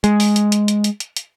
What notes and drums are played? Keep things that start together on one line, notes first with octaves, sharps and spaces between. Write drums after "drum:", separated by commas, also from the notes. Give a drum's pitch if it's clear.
G#3, drum: hi-hat
drum: open hi-hat
drum: hi-hat
drum: hi-hat
drum: hi-hat
drum: hi-hat
drum: hi-hat
drum: hi-hat